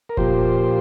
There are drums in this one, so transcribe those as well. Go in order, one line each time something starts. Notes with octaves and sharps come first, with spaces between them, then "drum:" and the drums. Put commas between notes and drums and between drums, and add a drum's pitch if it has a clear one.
A#4
A#2 F3 G4 C5, drum: kick E1